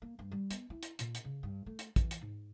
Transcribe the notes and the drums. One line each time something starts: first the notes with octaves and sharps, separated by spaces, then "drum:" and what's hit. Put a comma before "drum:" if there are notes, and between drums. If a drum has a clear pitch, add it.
A#3
G2
G3
B3, drum: hi-hat
E4
drum: hi-hat
A#2, drum: hi-hat
drum: hi-hat
C#3
G2
A3
drum: hi-hat
E3, drum: kick, hi-hat
drum: hi-hat
G#2